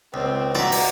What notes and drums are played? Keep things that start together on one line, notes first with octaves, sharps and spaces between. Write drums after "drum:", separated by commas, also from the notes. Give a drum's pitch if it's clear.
C#2 C4
F#4 D5 E5 A#5, drum: rim click
drum: open hi-hat